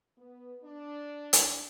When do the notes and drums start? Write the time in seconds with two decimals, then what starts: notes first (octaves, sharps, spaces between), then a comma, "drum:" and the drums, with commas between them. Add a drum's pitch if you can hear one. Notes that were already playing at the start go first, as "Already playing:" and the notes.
0.18 B3
0.63 D4
1.33 drum: hi-hat